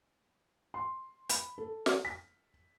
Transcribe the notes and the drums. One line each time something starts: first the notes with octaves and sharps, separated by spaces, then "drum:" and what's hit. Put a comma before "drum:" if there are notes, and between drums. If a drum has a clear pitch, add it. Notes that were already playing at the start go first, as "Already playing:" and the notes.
C6
B5, drum: hi-hat
A4
drum: snare
B6